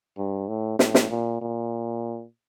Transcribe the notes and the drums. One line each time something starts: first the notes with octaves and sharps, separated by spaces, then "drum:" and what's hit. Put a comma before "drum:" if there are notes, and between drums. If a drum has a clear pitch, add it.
G2
A2
A2, drum: snare
drum: snare
A#2
A#2